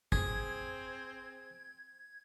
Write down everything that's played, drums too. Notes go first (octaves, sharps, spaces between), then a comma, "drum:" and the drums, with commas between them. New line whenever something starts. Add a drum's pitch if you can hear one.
C4 G#4 G#6, drum: kick